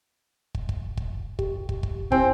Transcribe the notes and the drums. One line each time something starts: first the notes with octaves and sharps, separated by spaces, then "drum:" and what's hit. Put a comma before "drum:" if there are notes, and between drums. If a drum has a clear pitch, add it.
drum: kick
drum: kick
drum: kick
G4, drum: kick
drum: kick
drum: kick
C4 E4 G4 G#5, drum: kick